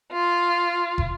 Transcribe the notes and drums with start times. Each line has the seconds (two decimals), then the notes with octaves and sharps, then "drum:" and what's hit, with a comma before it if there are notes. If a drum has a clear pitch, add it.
0.13 F4
0.98 drum: kick